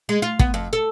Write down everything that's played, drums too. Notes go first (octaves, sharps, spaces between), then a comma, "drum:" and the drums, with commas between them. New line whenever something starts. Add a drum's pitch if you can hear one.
G#3
F4
B3, drum: kick
F2
A4